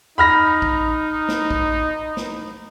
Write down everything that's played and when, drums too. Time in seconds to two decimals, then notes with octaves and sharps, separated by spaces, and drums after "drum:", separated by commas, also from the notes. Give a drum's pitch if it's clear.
0.18 D#4 B5 F6 A#6
0.62 drum: kick A#1
1.28 drum: snare
1.51 drum: kick A#1
2.17 drum: snare